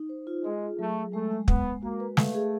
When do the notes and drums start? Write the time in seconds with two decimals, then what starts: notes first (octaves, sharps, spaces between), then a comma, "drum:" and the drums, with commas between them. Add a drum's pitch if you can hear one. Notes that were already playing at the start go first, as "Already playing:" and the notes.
Already playing: D#4
0.09 C5
0.27 F4
0.44 G#3 G#4
0.61 G#4
0.79 F#3 A3
0.96 F#3
1.13 G#3 A3
1.31 G#3
1.48 G#3 B3, drum: kick
1.65 G#3
1.82 A#3 F#4
2.00 B4
2.17 A3 F5, drum: snare
2.35 G#4